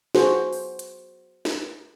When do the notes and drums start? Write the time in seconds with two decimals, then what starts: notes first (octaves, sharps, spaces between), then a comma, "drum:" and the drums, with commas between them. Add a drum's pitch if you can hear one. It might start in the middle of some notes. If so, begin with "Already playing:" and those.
0.15 F#4 G#4 C5, drum: snare
0.53 drum: open hi-hat
0.79 drum: hi-hat
1.45 drum: snare